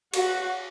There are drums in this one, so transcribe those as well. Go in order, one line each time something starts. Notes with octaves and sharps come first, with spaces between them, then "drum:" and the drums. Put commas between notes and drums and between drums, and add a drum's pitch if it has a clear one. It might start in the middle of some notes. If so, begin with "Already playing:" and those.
F#4, drum: cymbal